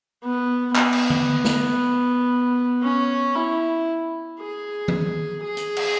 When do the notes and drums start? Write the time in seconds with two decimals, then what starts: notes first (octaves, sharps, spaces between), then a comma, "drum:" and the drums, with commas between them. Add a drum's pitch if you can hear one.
0.24 B3
0.75 B3, drum: clap
0.93 drum: cymbal
1.10 drum: tom D3
1.44 drum: snare
2.83 C#4
3.35 E4
4.40 G#4
4.88 drum: tom D#3
5.44 G#4
5.57 drum: hi-hat
5.76 drum: cymbal